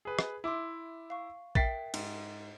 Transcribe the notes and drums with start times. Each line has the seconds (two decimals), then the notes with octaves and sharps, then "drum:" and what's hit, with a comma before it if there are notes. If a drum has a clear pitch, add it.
0.05 G#4 B4
0.19 drum: rim click
0.44 E4 E5 C6 D6
1.10 F5 C#6
1.55 A#4 E5 G5 A6 B6 C7, drum: kick A#1
1.94 G#2, drum: cymbal